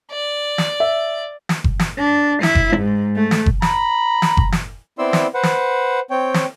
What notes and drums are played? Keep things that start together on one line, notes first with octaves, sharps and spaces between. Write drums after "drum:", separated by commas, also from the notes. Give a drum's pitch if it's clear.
D5
drum: snare
E5
drum: snare
drum: kick F#1
drum: snare
D4
E4, drum: snare
drum: kick F#1
G#2
A3
drum: snare
drum: kick F#1
A#5 B5, drum: snare
drum: snare
drum: kick F#1
drum: snare
B3 C4 E4 D5 C6 E6
drum: snare
B4 C5 F#5
drum: snare
C4 C#5 G5
drum: snare